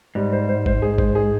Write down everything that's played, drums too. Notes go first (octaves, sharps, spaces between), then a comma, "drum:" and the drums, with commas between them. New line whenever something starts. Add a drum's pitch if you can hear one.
G#2 G3
C5
C5
C5, drum: kick G1
G#4
C5, drum: kick G1
G#4